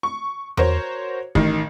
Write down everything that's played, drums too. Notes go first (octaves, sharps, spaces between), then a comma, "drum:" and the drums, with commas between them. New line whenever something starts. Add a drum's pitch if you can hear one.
C#6
F#4 A#4 C5 C#5, drum: tom E2
A1 D#3, drum: kick